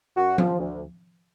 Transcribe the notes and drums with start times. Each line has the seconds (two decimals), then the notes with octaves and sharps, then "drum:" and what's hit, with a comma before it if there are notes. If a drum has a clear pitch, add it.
0.15 F#2 F#4
0.38 F3, drum: tom F3
0.58 D2